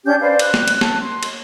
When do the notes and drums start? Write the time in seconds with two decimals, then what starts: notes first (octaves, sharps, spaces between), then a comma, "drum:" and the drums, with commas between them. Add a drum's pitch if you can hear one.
0.05 C#4 D4 G4 G6
0.20 B4 C5 D5 F5
0.39 F#6, drum: cymbal
0.54 drum: snare
0.68 drum: cymbal
0.81 A5, drum: snare
1.01 C6
1.23 drum: cymbal